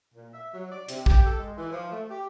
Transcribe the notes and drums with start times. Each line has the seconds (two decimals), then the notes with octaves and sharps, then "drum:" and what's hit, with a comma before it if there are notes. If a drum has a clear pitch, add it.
0.15 A#2
0.34 E5
0.53 F#3
0.72 D5
0.88 C3, drum: hi-hat
1.06 G4, drum: kick
1.25 A4
1.39 G#3
1.58 E3
1.72 F3
1.91 A3
2.10 G4